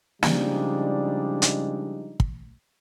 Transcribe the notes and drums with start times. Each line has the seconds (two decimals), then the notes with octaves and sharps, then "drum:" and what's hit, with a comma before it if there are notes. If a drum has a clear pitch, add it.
0.23 C#3 F3 G3 G#3 D4 D#4, drum: snare
1.42 drum: hi-hat
2.20 drum: kick